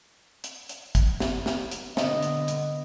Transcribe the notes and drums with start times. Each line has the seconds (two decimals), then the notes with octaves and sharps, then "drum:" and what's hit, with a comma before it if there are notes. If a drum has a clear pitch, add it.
0.44 drum: hi-hat
0.69 drum: hi-hat
0.95 drum: kick, hi-hat
1.20 drum: snare
1.46 drum: snare
1.71 drum: hi-hat
1.97 D3 B3 D#5, drum: snare
2.23 drum: hi-hat
2.48 drum: hi-hat